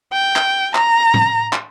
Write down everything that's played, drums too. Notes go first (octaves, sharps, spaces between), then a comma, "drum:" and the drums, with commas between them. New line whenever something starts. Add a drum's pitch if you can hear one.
G5
drum: clap
A#5, drum: clap
drum: tom A2
drum: clap